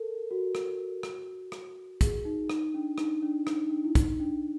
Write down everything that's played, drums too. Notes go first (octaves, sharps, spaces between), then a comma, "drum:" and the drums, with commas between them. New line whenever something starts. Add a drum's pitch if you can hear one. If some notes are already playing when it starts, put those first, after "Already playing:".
Already playing: A4 A#4
F#4
drum: rim click
drum: rim click
drum: rim click
G#4, drum: kick, hi-hat
D#4
D#4, drum: rim click
D4
D#4, drum: rim click
D4
D#4, drum: rim click
D#4
D4
E4
D#4, drum: kick, hi-hat
D4